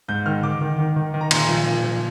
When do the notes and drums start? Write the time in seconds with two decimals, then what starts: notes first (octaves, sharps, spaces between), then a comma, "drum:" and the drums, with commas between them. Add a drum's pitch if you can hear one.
0.08 G#2 G6
0.26 D#3 F6
0.43 D#3 D6
0.61 D#3
0.79 D#3
0.96 D#3
1.14 D#3
1.21 A#5
1.31 A#2 C6, drum: cymbal
1.49 F3
1.66 A#2
1.84 F3